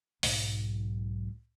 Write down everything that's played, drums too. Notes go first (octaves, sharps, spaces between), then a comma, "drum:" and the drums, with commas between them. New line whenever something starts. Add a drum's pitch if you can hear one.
B1 G#2, drum: open hi-hat